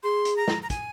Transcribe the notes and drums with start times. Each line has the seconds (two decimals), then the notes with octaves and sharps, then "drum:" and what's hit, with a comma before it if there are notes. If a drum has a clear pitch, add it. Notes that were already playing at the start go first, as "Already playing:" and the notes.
0.03 G#4 C6
0.25 drum: hi-hat
0.36 A#5
0.48 drum: snare
0.63 A#5
0.70 G#5, drum: kick, hi-hat